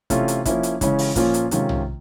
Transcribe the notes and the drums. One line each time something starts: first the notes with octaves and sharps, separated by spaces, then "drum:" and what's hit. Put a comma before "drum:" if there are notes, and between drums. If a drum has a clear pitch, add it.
C3 E3 A3 C#4 F4, drum: kick, hi-hat
drum: hi-hat
F3 A#3 C#4 E4, drum: kick, hi-hat
drum: hi-hat
C#3 E3 G#3 C#4, drum: kick, hi-hat
drum: open hi-hat
A#2 F3 A#3 C#4 F4, drum: kick, hi-hat
drum: hi-hat
C3 D#3 G#3 C#4 F4, drum: hi-hat
drum: tom